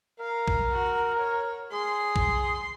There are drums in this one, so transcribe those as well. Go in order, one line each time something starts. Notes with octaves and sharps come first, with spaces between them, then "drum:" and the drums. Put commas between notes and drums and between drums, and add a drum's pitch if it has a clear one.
A#4 F5
drum: kick
F#4
C#5
G#4 C6
drum: kick